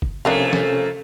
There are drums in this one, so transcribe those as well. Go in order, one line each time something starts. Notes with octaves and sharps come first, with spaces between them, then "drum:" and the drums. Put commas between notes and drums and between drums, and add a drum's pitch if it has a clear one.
drum: kick
F2 C3 A3 A#3 C#4 D4 A#4 F5
drum: snare